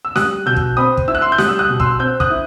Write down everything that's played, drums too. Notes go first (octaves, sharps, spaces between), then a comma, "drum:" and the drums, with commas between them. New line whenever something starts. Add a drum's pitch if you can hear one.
E6
G3 D#6 F#6, drum: snare C#4
B2 E6 G6
drum: kick
C4 B5 D#6
drum: kick
E4 E6
F#6
C6 E6
G6
G3 D#6 F#6, drum: snare C#4
E6
D#6 F#6
B2
C6 E6, drum: kick
C4 E6 G6
D#6 F#6, drum: kick
E4